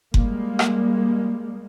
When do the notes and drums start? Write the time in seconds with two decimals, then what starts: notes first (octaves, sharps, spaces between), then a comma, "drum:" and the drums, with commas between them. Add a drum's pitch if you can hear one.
0.14 G3 G#3 A#3, drum: kick F#1
0.59 drum: rim click